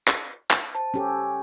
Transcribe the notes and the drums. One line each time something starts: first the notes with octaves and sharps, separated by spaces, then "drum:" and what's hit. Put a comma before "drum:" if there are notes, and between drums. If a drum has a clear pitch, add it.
drum: clap
drum: clap
C5 A5
C#4 G4 A4